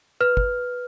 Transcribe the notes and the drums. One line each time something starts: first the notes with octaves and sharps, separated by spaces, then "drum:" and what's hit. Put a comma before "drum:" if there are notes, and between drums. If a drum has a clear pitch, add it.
B4 F6
drum: kick